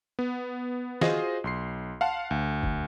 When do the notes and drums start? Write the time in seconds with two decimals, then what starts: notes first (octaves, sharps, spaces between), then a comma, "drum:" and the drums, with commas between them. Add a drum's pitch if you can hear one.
0.19 B3
1.01 F4 F#4 G#4 C5 D#5, drum: snare
1.44 B1 C6 C7
2.01 F5 F#5 A5 C6
2.31 D2
2.63 drum: kick